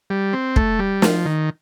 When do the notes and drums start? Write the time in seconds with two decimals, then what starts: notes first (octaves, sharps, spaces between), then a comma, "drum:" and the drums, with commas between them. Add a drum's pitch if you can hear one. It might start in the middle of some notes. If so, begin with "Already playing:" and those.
0.10 G3
0.33 C4
0.56 A3, drum: kick
0.79 G3
1.02 F3, drum: snare
1.26 D#3